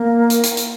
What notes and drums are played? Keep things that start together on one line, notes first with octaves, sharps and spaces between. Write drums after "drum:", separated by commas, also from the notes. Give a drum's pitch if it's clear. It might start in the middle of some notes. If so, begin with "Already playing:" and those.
Already playing: A#3
drum: hi-hat
drum: hi-hat
drum: hi-hat